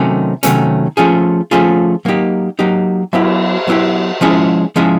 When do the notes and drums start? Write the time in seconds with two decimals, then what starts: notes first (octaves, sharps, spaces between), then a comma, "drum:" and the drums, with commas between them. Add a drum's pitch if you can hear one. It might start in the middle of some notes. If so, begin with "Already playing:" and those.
Already playing: C3 D#3 F#3 A3 C#4
0.43 C3 D#3 F#3 A3 C#4, drum: hi-hat
0.97 F3 A3 C#4 F4 G#4
1.51 F3 A3 C#4 F4 G#4
2.05 F#3 A#3 D#4 G4
2.59 F#3 A#3 D#4 G4
3.13 F#3 B3 E4 G4, drum: cymbal
3.67 F#3 B3 E4 G4
4.21 F3 G#3 C#4 E4 G#4
4.76 F3 G#3 C#4 E4 G#4